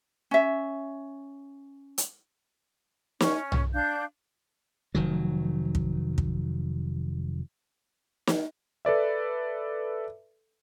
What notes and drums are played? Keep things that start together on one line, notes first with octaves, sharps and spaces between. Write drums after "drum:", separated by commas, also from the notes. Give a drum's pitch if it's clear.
C#4 E5
drum: hi-hat
C#4, drum: snare
drum: tom
D4 F5 G6
F1 D#3 F#3
drum: kick
drum: kick
drum: snare
A4 B4 D5 E5